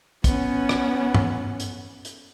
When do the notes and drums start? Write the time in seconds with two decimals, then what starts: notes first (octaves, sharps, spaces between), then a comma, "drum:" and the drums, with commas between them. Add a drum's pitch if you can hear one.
0.24 B3 C#4, drum: kick, hi-hat
0.69 drum: rim click
1.15 drum: tom G2
1.60 drum: hi-hat
2.05 drum: hi-hat